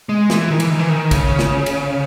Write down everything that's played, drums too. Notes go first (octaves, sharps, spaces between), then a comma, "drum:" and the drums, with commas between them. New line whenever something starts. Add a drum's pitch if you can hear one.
G#3
E3, drum: snare
D#3
E3, drum: cymbal
D#3
E3
D#3
C#3, drum: kick, cymbal
drum: snare
drum: cymbal